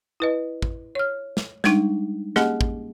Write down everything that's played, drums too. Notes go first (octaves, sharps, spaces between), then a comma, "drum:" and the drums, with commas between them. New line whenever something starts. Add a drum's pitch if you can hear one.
E4 B4 D#5
drum: kick
C#5 F6
drum: snare
G3 G#3 D4 D#4, drum: snare
A#3 C#4 G4 G#4 D#5 F#5, drum: snare
drum: kick